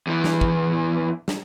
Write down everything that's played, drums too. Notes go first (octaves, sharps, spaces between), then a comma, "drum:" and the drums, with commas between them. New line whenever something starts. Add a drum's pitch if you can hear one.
E2 E3
drum: snare
drum: kick
drum: snare